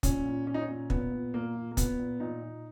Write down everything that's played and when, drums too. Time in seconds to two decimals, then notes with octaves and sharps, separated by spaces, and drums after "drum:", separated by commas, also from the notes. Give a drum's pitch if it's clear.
0.03 A#2 C#4, drum: kick, hi-hat
0.25 A#2
0.46 A#2 C#4
0.54 D#4
0.61 C#4
0.68 A#2
0.90 A#2 B3, drum: kick
1.12 A#2
1.34 A#2 A#3
1.55 A#2
1.71 A#3
1.77 A#2 B3, drum: kick, hi-hat
1.99 A#2
2.20 A#2 D#4
2.42 A#2